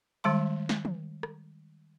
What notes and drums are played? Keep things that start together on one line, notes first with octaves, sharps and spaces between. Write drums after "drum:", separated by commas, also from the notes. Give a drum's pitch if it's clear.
D#3 G3 G#3 A5 C6
drum: snare
drum: tom
drum: rim click